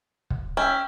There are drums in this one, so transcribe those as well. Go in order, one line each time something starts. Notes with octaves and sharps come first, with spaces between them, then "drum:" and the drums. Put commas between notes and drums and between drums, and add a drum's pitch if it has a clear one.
drum: kick
C#4 E5 G5